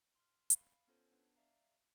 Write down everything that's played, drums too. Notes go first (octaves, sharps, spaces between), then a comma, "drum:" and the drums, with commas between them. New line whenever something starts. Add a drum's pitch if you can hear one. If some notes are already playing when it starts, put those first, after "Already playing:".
C6 F6
F5 B5, drum: hi-hat
B3 C#4 F4 A4 C5 C#5
B3 D4 B4
D5 E5 F5 A#5